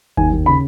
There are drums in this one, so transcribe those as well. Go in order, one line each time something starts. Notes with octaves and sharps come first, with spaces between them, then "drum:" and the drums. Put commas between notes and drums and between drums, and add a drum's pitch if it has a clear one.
D#2 G#5, drum: kick G1
D#2
C#3 B5